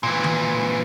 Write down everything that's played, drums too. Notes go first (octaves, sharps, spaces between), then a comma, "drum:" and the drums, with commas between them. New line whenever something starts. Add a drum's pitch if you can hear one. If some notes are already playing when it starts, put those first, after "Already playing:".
A#2 E3
drum: tom D#3